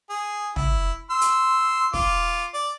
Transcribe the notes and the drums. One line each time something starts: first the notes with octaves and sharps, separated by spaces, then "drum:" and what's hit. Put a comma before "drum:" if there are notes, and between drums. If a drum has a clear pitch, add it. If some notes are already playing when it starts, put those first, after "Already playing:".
G#4
E4, drum: tom
C6 E6
drum: hi-hat
F4 D6, drum: kick
D5